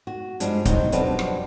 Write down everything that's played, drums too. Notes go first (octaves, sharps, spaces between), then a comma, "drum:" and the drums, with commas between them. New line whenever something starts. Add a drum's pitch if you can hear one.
F#4
G2 F3 G#3 D4, drum: hi-hat
B2 D#3 F#3 G3 D#4 C5, drum: kick, hi-hat
F2 F#3 G3 B3 C4 D4, drum: hi-hat
drum: rim click